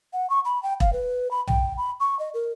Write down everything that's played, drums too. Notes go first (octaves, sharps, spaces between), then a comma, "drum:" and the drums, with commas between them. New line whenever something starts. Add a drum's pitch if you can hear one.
F#5
C#6
B5
G5
F5, drum: kick E1
B4
B5
G5, drum: tom B1
B5
C#6
D#5
A#4